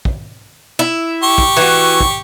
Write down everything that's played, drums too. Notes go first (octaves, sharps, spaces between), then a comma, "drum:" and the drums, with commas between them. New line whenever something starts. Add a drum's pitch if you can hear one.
drum: kick
E4
G4 C#6
drum: kick
E3 F#4
drum: kick